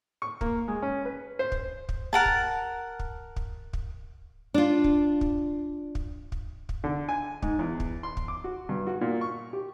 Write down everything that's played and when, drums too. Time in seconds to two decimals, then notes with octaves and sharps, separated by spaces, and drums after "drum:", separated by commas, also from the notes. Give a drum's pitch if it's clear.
0.22 C#6
0.41 A#3, drum: kick
0.68 G#3
0.82 C#4
1.05 B4
1.39 C5
1.52 drum: kick
1.89 drum: kick
2.13 A#4 F#5 A5
2.26 drum: kick
2.99 drum: kick
3.36 drum: kick
3.73 drum: kick
4.54 D4 F4
4.84 drum: kick
5.21 drum: kick
5.95 drum: kick
6.32 drum: kick
6.69 drum: kick
6.84 D3
7.09 G#5
7.42 G#2, drum: kick
7.59 E2
7.80 drum: kick
8.03 C6
8.17 drum: kick
8.28 D6
8.44 F#4
8.69 G2
8.87 F#4
9.01 A#2
9.21 C#6
9.53 G4